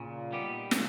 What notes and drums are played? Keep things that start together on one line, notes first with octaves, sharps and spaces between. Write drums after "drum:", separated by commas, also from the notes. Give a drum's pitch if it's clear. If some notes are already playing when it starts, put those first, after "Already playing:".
Already playing: A#2 C#3
G3 B3 D#4 G4
C#3, drum: snare